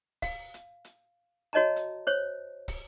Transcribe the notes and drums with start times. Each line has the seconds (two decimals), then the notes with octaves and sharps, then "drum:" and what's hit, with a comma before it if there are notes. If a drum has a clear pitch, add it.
0.22 F5, drum: kick, open hi-hat
0.54 drum: hi-hat
0.85 drum: hi-hat
1.53 F#4 C#5 D#5 A5 A#5
1.76 drum: hi-hat
2.07 C5 C#5
2.68 drum: kick, open hi-hat